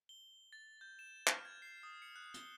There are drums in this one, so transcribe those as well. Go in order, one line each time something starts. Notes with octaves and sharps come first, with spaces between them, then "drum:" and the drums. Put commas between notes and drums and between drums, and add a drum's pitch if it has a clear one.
G7
A6
G6
E7
F6, drum: clap
G#6
C7
D#6
C#7
F#6
G7, drum: hi-hat